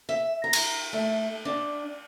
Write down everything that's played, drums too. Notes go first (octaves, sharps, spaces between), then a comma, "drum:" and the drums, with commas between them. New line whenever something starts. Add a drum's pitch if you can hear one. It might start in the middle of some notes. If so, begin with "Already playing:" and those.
E5
A#5
drum: cymbal
A3
D4